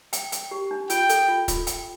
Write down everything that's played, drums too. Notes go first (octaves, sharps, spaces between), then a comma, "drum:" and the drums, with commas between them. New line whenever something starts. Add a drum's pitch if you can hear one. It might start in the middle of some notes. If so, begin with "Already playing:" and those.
G5, drum: hi-hat
G5, drum: hi-hat
G4
D4
F4 G5, drum: hi-hat
A4, drum: hi-hat
F4
F4, drum: kick, hi-hat
G5, drum: hi-hat